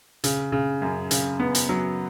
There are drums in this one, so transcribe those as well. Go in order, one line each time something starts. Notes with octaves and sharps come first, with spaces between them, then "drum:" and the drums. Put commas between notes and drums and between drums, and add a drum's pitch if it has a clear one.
C#3, drum: hi-hat
C#3
F#2
C#3, drum: hi-hat
B3
drum: hi-hat
F#3